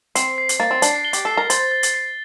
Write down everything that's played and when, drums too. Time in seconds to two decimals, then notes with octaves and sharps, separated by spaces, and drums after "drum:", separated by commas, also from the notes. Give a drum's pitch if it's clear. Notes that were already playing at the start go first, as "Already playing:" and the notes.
0.15 C4 C7, drum: hi-hat
0.38 C7
0.49 drum: hi-hat
0.60 A#3 A6
0.71 C4
0.82 D4 A6, drum: hi-hat
1.05 G7
1.13 G4, drum: hi-hat
1.25 A4 C7
1.37 A#4
1.50 C5 A6, drum: hi-hat
1.71 A6
1.83 drum: hi-hat
1.94 C7